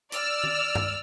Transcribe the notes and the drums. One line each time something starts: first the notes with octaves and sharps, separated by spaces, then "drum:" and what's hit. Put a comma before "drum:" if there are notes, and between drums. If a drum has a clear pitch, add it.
D5 E6 F6, drum: hi-hat
drum: tom D#3
drum: tom G2